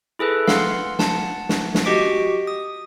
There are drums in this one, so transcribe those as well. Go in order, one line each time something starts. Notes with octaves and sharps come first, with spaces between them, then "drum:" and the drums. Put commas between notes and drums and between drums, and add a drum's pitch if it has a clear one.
E4 G#4 A4 B4
F5 F#5 C6, drum: snare
F#5 A5, drum: snare
drum: snare
drum: snare
F#4 G4 D#5 D6 B6 D7
D#6